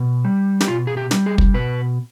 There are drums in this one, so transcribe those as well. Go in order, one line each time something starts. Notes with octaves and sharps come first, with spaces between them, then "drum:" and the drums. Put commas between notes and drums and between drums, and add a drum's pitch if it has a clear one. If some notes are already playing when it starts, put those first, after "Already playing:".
Already playing: B2
G3
G4, drum: snare
B2 F4
G#4
G4
G3, drum: snare
G#4
drum: kick
B2 B4